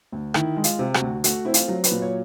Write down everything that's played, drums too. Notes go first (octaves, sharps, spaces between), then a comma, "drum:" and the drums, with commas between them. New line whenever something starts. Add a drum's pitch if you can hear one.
D2
D#3 E4, drum: rim click
G#3
F4, drum: hi-hat
C3
F#4, drum: rim click
D2
A3 F#4, drum: hi-hat
C4 E4
F4, drum: hi-hat
F#3
B4, drum: hi-hat
A#2
C#5